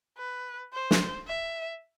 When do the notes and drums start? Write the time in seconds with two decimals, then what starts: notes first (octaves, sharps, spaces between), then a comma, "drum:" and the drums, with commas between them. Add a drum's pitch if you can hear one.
0.18 B4
0.73 C5
0.91 drum: snare
1.27 E5